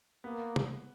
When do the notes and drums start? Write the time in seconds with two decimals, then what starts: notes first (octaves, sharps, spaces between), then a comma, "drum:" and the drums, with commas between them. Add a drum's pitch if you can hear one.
0.24 A#3 B3
0.56 drum: tom